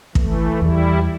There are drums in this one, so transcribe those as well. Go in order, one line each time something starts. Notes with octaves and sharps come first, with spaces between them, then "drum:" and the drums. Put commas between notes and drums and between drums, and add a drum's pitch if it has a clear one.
E3 A3, drum: kick
E2 E3 G3 E4